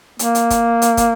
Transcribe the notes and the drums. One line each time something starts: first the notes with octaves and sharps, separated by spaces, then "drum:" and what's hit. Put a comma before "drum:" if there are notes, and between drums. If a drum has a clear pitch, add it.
A#3, drum: hi-hat
drum: hi-hat
drum: kick, hi-hat
drum: hi-hat
drum: kick, hi-hat